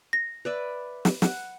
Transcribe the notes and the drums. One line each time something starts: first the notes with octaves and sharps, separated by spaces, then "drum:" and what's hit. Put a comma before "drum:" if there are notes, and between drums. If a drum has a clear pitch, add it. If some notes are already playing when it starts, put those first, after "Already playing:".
A#6
B4 D5 E5
drum: snare
F#5, drum: snare